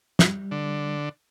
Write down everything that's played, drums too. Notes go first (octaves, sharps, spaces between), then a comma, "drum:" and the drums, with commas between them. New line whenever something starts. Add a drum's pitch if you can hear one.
G3, drum: snare
D3